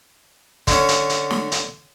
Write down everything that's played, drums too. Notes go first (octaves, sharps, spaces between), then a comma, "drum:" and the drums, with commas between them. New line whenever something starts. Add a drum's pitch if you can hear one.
D3 C#4, drum: kick, hi-hat
drum: hi-hat
drum: hi-hat
drum: snare
drum: hi-hat